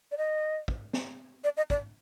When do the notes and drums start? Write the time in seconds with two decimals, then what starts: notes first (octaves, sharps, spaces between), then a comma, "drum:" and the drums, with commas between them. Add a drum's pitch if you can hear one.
0.11 D5
0.17 D#5
0.68 drum: kick
0.93 drum: snare
1.44 D5
1.57 D#5
1.70 D5, drum: kick